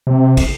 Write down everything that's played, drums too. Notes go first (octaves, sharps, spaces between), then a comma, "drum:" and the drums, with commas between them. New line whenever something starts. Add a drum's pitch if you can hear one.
C3
drum: kick, cymbal